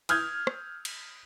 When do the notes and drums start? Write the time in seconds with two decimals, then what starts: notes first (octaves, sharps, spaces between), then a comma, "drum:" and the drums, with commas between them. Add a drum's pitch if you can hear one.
0.09 D#6 F6 G6 G#6, drum: cymbal
0.47 drum: rim click
0.85 drum: cymbal